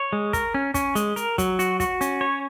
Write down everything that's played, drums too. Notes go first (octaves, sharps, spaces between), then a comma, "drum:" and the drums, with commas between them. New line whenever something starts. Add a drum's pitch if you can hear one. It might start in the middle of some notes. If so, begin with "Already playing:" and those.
Already playing: C#5
G#3
A#4, drum: kick, hi-hat
C#4
C#4, drum: kick, hi-hat
G#3, drum: hi-hat
A#4, drum: hi-hat
F#3, drum: kick, hi-hat
F#4, drum: hi-hat
F#4, drum: kick, hi-hat
C#4, drum: hi-hat
C#5